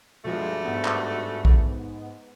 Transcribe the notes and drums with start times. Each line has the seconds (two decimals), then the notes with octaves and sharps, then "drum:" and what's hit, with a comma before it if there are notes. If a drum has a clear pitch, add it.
0.25 G2 B2 F3 G#3 A3 F#4
0.65 G#2 B3
0.85 drum: clap
1.45 drum: kick A#1